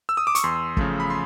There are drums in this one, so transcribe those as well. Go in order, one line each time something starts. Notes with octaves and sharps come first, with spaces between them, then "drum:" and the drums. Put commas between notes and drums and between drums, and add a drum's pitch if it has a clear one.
E6
D#6
D6
C#6, drum: hi-hat
E2 C6
C#3 F3 A3, drum: kick
B5
C6